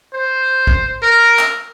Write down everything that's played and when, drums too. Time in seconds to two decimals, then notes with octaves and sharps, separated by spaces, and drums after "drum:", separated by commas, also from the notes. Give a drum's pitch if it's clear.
0.14 C5
0.67 drum: kick
1.03 A#4
1.39 drum: clap